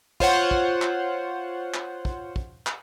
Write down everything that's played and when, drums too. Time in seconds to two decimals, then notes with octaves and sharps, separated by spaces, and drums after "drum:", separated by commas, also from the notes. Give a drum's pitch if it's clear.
0.20 F4 C5 C#5 F#5, drum: kick
0.51 drum: kick
0.82 drum: clap
1.74 drum: clap
2.05 drum: kick
2.36 drum: kick
2.67 drum: clap